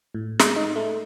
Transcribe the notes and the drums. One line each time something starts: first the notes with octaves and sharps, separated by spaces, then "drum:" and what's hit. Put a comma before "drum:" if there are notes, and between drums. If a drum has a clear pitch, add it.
A2
G#3, drum: snare
D#4
A3